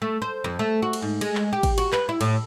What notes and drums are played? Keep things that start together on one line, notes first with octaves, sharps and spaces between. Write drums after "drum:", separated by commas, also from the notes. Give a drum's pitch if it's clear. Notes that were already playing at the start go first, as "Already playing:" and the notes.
A3
C5
F2
A3
F#4
drum: cymbal
G#2
G#3, drum: cymbal
drum: clap
G4
drum: kick, cymbal
F#4, drum: cymbal
B4, drum: clap
E4
A2, drum: cymbal